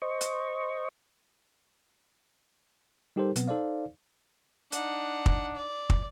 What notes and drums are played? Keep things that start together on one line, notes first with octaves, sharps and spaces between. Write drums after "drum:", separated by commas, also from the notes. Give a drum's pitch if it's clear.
C5 D#5 C#6
drum: hi-hat
G3 D#4 G4 A4 A#4 C5
B2 F#3 B3 C4, drum: hi-hat
D#4 A4 C5 D5 F5
D4 D#4 F#5, drum: hi-hat
drum: kick
D5
drum: kick